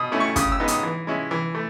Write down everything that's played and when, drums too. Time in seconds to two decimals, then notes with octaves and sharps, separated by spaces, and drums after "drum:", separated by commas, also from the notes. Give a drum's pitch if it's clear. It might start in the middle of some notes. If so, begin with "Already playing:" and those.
Already playing: B2 D#6
0.12 A3 C#4 E4
0.20 C#6
0.36 C#3 D#6, drum: kick, hi-hat
0.52 E6
0.60 G#3 B3 D#4
0.68 D#6, drum: hi-hat
0.83 E3
1.07 G#3 C#4 E4
1.31 E3
1.55 A3